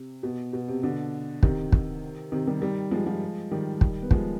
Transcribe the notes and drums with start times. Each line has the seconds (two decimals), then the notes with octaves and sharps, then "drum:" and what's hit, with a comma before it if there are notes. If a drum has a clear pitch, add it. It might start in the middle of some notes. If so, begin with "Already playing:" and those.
Already playing: C3
0.23 B2
0.53 B2
0.68 C3
0.83 B2 D3
1.43 C3 D#3, drum: kick
1.72 drum: kick
2.32 C3 D#3
2.47 D#3 G3
2.62 D#3 G3
2.91 F3 G#3
3.06 F3 G#3
3.51 D#3 G3
3.81 drum: kick
4.02 B3
4.11 F3 G#3, drum: kick